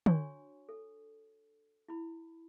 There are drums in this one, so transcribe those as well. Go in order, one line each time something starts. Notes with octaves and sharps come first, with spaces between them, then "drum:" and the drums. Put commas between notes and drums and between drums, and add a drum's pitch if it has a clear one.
D4 F#4 C#5 G#5 C#6, drum: tom
A4
E4 B5